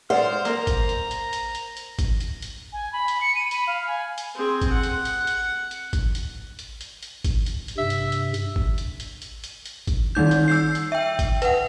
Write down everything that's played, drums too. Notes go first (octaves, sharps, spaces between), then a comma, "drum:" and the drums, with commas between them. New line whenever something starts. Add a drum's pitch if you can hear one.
G#3 C5 D5 F#5 F6
A#3 A#4 A#5, drum: hi-hat
drum: kick G#1, hi-hat
drum: hi-hat
drum: hi-hat
drum: hi-hat
drum: hi-hat
drum: hi-hat
drum: kick G#1, hi-hat
drum: hi-hat
drum: hi-hat
G#5
B5
drum: hi-hat
C#7
D#7
B5, drum: hi-hat
F5
G#5
drum: hi-hat
C4 G#4
drum: kick G#1, hi-hat
F#5
drum: hi-hat
drum: hi-hat
drum: hi-hat
drum: hi-hat
drum: kick G#1, hi-hat
drum: hi-hat
drum: hi-hat
drum: hi-hat
drum: hi-hat
drum: kick G#1, hi-hat
drum: hi-hat
drum: hi-hat
G2 C3 E5
drum: hi-hat
drum: hi-hat
drum: hi-hat
drum: kick G#1
drum: hi-hat
drum: hi-hat
drum: hi-hat
drum: hi-hat
drum: hi-hat
drum: kick G#1, hi-hat
D#3 G3 D#4 G6
drum: hi-hat
E6 G6 C7
drum: hi-hat
E5 G5
drum: kick G#1, hi-hat
B4 F#5, drum: hi-hat